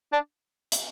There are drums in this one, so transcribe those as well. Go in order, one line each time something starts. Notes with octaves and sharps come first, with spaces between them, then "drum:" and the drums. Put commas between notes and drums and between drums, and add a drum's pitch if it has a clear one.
D4
drum: hi-hat